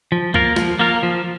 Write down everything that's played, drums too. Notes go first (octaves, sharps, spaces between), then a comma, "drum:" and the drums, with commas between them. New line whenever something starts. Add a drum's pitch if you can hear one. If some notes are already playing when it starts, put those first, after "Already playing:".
F3
A#3 F4 A#4, drum: kick
F3, drum: snare
A#3 F4 A#4
F3